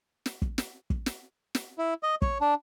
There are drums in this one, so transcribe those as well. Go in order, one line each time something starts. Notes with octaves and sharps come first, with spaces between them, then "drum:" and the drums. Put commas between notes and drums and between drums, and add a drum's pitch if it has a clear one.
drum: snare
drum: kick
drum: snare
drum: kick
drum: snare
drum: snare
E4
D#5
C#5, drum: kick
D4